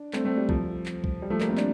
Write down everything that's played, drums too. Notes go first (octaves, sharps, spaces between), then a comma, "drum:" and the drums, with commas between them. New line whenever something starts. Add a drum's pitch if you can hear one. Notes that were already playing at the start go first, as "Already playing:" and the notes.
Already playing: D4
A3 C4, drum: clap
A3 C4
G3
F3, drum: kick
drum: clap
drum: kick
G3
F3 A3
G3 A#3, drum: clap
A3 C4
D4, drum: clap